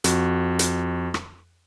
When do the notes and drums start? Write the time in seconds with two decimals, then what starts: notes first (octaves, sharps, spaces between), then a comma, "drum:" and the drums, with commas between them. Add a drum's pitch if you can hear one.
0.04 F2 F#4, drum: hi-hat
0.59 drum: hi-hat
1.14 drum: rim click